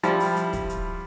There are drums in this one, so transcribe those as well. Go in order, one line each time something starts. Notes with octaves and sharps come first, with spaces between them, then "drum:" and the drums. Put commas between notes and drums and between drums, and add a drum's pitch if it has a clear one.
F3 G3 E4, drum: hi-hat
drum: open hi-hat
drum: hi-hat
drum: kick, hi-hat
drum: hi-hat